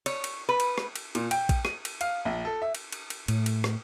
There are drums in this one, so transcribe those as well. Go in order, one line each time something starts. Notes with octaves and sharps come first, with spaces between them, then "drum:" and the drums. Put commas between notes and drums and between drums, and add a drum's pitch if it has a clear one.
C#5, drum: cymbal
drum: cymbal
B4
drum: cymbal
drum: rim click
drum: cymbal
A#2, drum: cymbal
G5, drum: cymbal
drum: kick A#1, cymbal
D#7, drum: rim click
drum: cymbal
F5, drum: cymbal
A#1
A4
E5
drum: cymbal
drum: cymbal
drum: cymbal
A2, drum: cymbal
drum: cymbal
drum: rim click